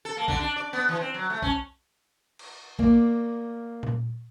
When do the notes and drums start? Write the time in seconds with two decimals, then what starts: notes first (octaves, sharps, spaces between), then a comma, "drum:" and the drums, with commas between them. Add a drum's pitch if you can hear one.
0.05 A4
0.17 A#3
0.28 D3, drum: kick
0.40 D4
0.56 D5
0.73 B3
0.89 E3
1.01 C4
1.14 F#3
1.30 A3
1.42 C#4, drum: kick
2.39 drum: cymbal
2.79 A#3 D5, drum: kick
3.83 drum: tom A#2